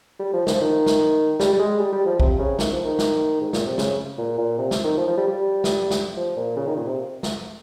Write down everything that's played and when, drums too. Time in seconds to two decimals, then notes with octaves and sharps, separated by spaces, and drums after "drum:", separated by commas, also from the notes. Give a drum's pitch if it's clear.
0.19 G3
0.33 F3
0.47 D#3, drum: snare
0.54 F3
0.61 D#3
0.86 drum: snare
1.40 G3, drum: snare
1.53 G3
1.59 G#3
1.79 G3
1.93 G3
2.06 F3
2.20 C3, drum: kick B1
2.39 C#3
2.59 D#3, drum: snare
2.72 F3
2.85 D#3
2.99 drum: snare
3.41 G#2
3.53 A#2, drum: snare
3.65 C3
3.78 C#3, drum: snare
4.18 A#2
4.38 A#2
4.58 C3
4.71 drum: snare
4.84 D#3
4.97 F3
5.08 F3
5.17 G3
5.28 G3
5.64 drum: snare
5.90 drum: snare
6.17 F3
6.36 A#2
6.56 C#3
6.67 D#3
6.77 A#2
6.87 C3
7.23 drum: snare